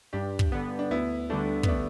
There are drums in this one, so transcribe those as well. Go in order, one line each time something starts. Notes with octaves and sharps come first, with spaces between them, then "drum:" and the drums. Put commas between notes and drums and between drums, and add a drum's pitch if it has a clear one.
G2 D4 G4
drum: kick
D3 B3
D4
D2 B3 E4
D3 G3 A3 D4
B3, drum: kick
A3 D4